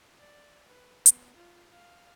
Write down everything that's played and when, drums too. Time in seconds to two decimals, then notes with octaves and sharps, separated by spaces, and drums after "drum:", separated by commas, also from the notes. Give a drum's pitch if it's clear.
0.20 D5
0.68 B4
1.06 B3, drum: hi-hat
1.36 F4
1.72 F5